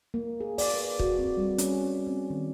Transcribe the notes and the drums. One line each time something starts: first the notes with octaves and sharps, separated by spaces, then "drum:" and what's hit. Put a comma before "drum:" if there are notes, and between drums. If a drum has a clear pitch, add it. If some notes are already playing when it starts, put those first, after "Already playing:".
A#3
G#4
D5, drum: open hi-hat
B4
F#4, drum: kick
C4
G3
C#4, drum: hi-hat
C4
D#3